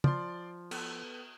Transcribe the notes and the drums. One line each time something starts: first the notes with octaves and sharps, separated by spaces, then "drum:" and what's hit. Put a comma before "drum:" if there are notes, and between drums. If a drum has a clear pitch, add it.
F3 D5 C6, drum: tom
B3 A4 B4, drum: cymbal